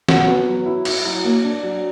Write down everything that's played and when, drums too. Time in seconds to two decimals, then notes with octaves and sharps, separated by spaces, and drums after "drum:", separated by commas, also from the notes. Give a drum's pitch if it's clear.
0.09 F#4, drum: snare
0.27 B3
0.46 F#3
0.65 E4
0.85 E4, drum: cymbal
1.04 F#3
1.24 A#3
1.44 D4
1.63 F#3